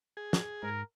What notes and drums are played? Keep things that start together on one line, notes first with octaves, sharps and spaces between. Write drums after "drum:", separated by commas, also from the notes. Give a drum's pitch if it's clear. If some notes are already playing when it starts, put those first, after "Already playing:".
G#4
drum: snare
G#2 A#4